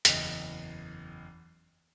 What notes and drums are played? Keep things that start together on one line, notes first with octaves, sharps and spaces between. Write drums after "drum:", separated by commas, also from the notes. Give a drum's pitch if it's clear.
F#1 E2 D#5, drum: hi-hat